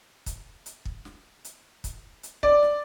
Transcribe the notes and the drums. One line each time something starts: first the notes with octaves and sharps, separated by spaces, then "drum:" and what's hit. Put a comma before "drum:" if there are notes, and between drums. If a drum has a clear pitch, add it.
drum: kick, hi-hat
drum: hi-hat
drum: kick
drum: snare
drum: hi-hat
drum: kick, hi-hat
drum: hi-hat
D5, drum: kick
drum: snare